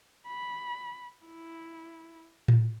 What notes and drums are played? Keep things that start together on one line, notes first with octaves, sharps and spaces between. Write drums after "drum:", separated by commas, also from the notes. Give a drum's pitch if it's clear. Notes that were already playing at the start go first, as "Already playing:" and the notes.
B5
E4
drum: tom A2